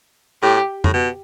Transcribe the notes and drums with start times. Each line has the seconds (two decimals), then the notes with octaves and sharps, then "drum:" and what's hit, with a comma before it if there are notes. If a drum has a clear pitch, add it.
0.43 A2 G4
0.84 A2, drum: tom F2
0.94 B2